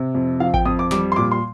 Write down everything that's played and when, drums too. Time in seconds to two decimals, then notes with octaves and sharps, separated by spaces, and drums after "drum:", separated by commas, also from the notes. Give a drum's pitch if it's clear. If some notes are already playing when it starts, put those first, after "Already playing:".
Already playing: C3
0.15 F2
0.40 F3 F5
0.54 G5, drum: kick G#1
0.65 F2 D#6
0.79 D6
0.91 G3 D6, drum: snare
1.12 C6
1.16 A#2 D6
1.31 C6